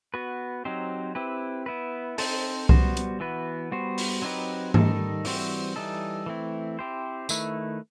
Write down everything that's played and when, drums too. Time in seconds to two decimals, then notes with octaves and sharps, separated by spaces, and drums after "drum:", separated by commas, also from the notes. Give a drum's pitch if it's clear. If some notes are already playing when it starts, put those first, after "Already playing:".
0.14 B3 F#4 B4
0.65 F#3 C4 D#4 G4 C5
1.15 C4 E4 G4 B4
1.66 B3 E4 B4
2.18 C4 D#4 A4 C5, drum: open hi-hat
2.69 G3 B3 F#4 C5, drum: kick C2
2.97 drum: hi-hat
3.20 E3 B3 F#4 B4
3.71 G3 B3 F#4 C5
3.98 drum: open hi-hat
4.22 F#3 C4 D#4 G4 B4
4.74 D#3 G3 D#4 A4, drum: tom
5.25 E3 G3 C4 F#4 C5, drum: open hi-hat
5.76 E3 G3 D#4 A4
6.26 E3 A3 C4 E4
6.79 C4 E4 G4 C5
7.29 D#3 A3 E4 B4, drum: tambourine